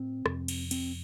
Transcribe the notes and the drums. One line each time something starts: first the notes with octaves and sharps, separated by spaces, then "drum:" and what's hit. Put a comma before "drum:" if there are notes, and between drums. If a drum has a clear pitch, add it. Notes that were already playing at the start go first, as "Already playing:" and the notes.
Already playing: A2 C4
F2 C3, drum: rim click
drum: cymbal
C4, drum: cymbal